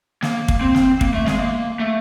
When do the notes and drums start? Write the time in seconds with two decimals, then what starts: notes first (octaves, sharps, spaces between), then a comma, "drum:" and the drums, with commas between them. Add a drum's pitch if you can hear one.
0.22 A#3, drum: snare
0.48 drum: kick
0.61 C4
0.75 drum: snare
1.01 A#3, drum: kick
1.14 A3
1.26 G#3, drum: snare
1.39 A#3
1.80 A3